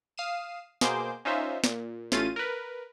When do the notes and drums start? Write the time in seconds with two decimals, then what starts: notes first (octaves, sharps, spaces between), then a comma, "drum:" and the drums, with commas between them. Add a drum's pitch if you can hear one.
0.18 F5 D#6 C7 D#7 E7
0.81 B2 A#3 G#4 C5 D6 G6, drum: snare
1.25 C#4 D#4 F4 C5 E5
1.64 A#2, drum: snare
2.12 A1 A3 C#4 F4 A6 D#7, drum: snare
2.36 A#4 B4